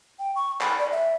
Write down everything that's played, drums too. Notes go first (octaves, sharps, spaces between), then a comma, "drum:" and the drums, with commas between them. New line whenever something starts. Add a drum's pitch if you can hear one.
G5
C#6
B5, drum: clap
D5
E5